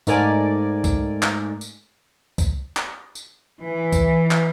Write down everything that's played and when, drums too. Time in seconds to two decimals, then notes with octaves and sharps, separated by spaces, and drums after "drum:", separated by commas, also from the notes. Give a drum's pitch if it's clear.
0.07 G#2 A3 A#4 D5 G#5, drum: tambourine
0.84 drum: kick, tambourine
1.23 drum: clap
1.61 drum: tambourine
2.38 drum: kick, tambourine
2.77 drum: clap
3.15 drum: tambourine
3.61 E3
3.92 drum: kick, tambourine
4.31 drum: clap